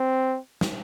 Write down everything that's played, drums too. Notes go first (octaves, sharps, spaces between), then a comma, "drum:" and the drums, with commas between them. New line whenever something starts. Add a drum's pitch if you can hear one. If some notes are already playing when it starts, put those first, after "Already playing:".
Already playing: C4
drum: snare